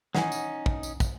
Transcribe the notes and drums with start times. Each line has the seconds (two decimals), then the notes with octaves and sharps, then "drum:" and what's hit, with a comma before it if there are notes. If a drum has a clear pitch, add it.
0.15 D#3 E3 C#4 D#4 F#5 G#5, drum: snare
0.32 drum: tambourine
0.66 drum: kick
0.83 drum: tambourine
1.00 drum: kick, tambourine